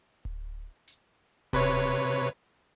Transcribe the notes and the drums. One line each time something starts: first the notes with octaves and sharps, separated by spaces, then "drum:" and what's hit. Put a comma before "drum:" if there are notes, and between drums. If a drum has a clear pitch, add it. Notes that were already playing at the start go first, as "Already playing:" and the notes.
drum: kick D1
drum: hi-hat
C3 B4 C#5, drum: kick D1
drum: hi-hat